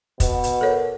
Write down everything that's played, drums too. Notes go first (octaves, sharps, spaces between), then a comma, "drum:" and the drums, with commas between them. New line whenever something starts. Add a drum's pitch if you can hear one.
B2, drum: kick, hi-hat
drum: hi-hat
A4 A#4 C#5